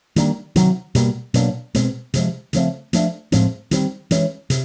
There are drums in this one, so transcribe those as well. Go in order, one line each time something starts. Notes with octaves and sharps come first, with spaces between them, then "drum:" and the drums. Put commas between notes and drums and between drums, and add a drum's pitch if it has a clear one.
D#3 G3 A#3 D4, drum: hi-hat
C3 D#3 F#3, drum: hi-hat
B2 G3 A#3, drum: hi-hat
B2 F#3 A#3 D4, drum: hi-hat
B2 G#3 C4, drum: hi-hat
C3 F3 G#3, drum: hi-hat
C#3 F3 A3 C4, drum: hi-hat
F3 A3 D4, drum: hi-hat
A2 F3 G#3 C4, drum: hi-hat
D#3 G3 C4, drum: hi-hat
E3 G#3 C#4, drum: hi-hat
C3, drum: hi-hat